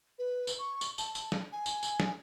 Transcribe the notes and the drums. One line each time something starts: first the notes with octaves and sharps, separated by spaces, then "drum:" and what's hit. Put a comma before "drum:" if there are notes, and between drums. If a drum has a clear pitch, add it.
B4
drum: tambourine
C#6
drum: tambourine
A5, drum: tambourine
drum: tambourine
drum: snare
G#5
drum: tambourine
drum: tambourine
drum: snare